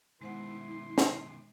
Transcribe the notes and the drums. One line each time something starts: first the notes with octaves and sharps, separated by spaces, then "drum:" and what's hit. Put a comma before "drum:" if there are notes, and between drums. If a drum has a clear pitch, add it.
B2 D#3 G#3 E4 C5 F#5 C6
drum: snare